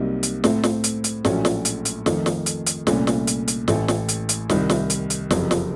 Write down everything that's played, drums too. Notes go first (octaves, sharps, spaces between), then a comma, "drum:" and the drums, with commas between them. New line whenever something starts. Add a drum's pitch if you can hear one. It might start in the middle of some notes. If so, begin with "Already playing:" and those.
Already playing: C2 C3 F#3 A#3 D#4
drum: hi-hat
A2 A3 C4, drum: snare
drum: snare
drum: hi-hat
drum: hi-hat
A#1 A2 F#3 A3 C#4, drum: snare
drum: snare
drum: hi-hat
drum: hi-hat
F2 D#3 A3, drum: snare
drum: snare
drum: hi-hat
drum: hi-hat
C2 A#2 A3 C#4, drum: snare
drum: snare
drum: hi-hat
drum: hi-hat
A1 A2 A3, drum: snare
drum: snare
drum: hi-hat
drum: hi-hat
C2 C3 D#3, drum: snare
drum: snare
drum: hi-hat
drum: hi-hat
F#1 F2 C3, drum: snare
drum: snare